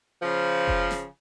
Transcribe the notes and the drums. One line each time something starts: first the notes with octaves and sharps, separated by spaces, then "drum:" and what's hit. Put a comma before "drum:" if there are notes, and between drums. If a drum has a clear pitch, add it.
C#3 F3
drum: kick F1
drum: snare